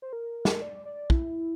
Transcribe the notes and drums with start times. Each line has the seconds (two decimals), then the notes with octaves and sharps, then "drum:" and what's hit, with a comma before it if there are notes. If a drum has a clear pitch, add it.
0.02 C5
0.13 A#4
0.45 drum: snare
0.62 D5
0.85 D5
1.10 E4, drum: kick